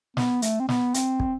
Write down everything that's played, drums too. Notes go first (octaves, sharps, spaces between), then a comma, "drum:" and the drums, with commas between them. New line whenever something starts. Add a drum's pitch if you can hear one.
B3, drum: snare
A3, drum: hi-hat
C4
B3, drum: snare
C4, drum: hi-hat
drum: kick